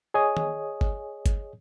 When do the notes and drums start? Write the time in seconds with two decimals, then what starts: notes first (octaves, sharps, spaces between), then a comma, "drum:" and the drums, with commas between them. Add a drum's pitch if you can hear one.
0.14 G#4 C#5 D#5 G#5 D#6
0.37 drum: tom D#3
0.81 drum: kick G1
1.26 drum: kick G1, hi-hat